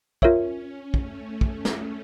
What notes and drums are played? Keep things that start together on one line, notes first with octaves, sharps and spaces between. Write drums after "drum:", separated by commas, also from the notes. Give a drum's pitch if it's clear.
C#4 F4 A#4 C#5 E5, drum: kick
C#4
A3, drum: kick
drum: kick
drum: snare